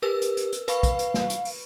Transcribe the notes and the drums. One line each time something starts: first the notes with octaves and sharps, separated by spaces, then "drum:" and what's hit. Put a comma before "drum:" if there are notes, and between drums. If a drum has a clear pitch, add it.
G4 A#4 B4 E6
drum: hi-hat
drum: hi-hat
drum: hi-hat
B4 F5 B5 C#6, drum: hi-hat
drum: kick, hi-hat
drum: hi-hat
drum: snare
drum: hi-hat
drum: open hi-hat